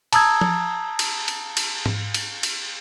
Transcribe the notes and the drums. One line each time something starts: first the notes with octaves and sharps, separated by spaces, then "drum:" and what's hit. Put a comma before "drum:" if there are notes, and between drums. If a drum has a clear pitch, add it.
A5 A#5 D#6 E6 G#6, drum: cymbal
drum: tom F3
drum: cymbal
drum: cymbal
drum: cymbal
drum: tom G#2
drum: cymbal
drum: cymbal